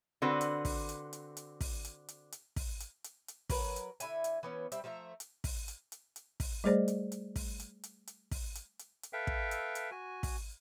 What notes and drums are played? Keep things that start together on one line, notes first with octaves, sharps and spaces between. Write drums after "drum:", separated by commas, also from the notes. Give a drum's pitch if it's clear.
D3 C4 F#4 B4
drum: hi-hat
drum: kick, open hi-hat
drum: hi-hat
drum: hi-hat
drum: hi-hat
drum: kick, open hi-hat
drum: hi-hat
drum: hi-hat
drum: hi-hat
drum: kick, open hi-hat
drum: hi-hat
drum: hi-hat
drum: hi-hat
F#3 A#4 B4 A#5, drum: kick, open hi-hat
drum: hi-hat
D3 E4 E5 G#5, drum: hi-hat
drum: hi-hat
E3 B3 C#4
G3 C4 E5, drum: hi-hat
F3 A3 E5 A#5
drum: hi-hat
drum: kick, open hi-hat
drum: hi-hat
drum: hi-hat
drum: hi-hat
drum: kick, open hi-hat
G3 A3 G#4 C5 D5 D#5
drum: hi-hat
drum: hi-hat
drum: kick, open hi-hat
drum: hi-hat
drum: hi-hat
drum: hi-hat
drum: kick, open hi-hat
drum: hi-hat
drum: hi-hat
drum: hi-hat
A4 B4 E5 F5 G5
drum: kick
drum: hi-hat
drum: hi-hat
F#4 G#5
drum: kick, open hi-hat